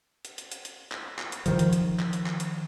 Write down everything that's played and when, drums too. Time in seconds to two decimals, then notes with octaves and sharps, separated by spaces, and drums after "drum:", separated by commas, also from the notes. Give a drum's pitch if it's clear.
0.25 drum: hi-hat
0.38 drum: hi-hat
0.52 drum: hi-hat
0.65 drum: hi-hat
0.92 drum: clap
1.19 drum: clap
1.32 drum: hi-hat
1.46 D#3 F3, drum: hi-hat
1.59 drum: hi-hat
1.73 drum: hi-hat
2.00 drum: clap
2.13 drum: hi-hat
2.26 drum: clap
2.40 drum: hi-hat